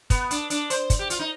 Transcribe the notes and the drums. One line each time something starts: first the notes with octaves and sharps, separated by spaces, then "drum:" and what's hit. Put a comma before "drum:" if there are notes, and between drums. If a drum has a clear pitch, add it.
B3, drum: kick, hi-hat
D4, drum: hi-hat
D4, drum: hi-hat
C5, drum: hi-hat
drum: kick, hi-hat
G4
F4, drum: hi-hat
D#4